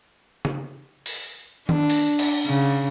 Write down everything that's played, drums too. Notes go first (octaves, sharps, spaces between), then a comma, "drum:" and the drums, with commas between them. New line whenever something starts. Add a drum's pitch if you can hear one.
drum: tom C#3
drum: open hi-hat
D4, drum: tom D#3
drum: open hi-hat
drum: cymbal
C#3